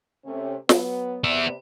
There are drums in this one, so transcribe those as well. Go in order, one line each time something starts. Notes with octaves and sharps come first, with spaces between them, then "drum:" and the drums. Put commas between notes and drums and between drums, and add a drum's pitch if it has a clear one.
C3 A3 C#4
F#3 B3, drum: snare
C3 B3 B4 D5 E5